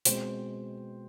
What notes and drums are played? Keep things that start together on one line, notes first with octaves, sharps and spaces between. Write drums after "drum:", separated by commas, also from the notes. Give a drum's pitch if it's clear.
B2 G#3 C4 C5, drum: hi-hat